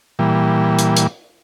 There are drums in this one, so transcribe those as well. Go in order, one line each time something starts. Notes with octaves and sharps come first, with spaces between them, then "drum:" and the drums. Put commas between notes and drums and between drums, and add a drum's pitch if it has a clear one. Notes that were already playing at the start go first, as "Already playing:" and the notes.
A#2 E3 G3
drum: hi-hat
drum: hi-hat